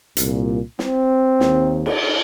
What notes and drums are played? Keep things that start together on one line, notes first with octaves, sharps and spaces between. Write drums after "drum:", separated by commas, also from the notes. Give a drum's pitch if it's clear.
C2 A#2, drum: hi-hat
C4, drum: snare
D#2 D#3, drum: snare
drum: cymbal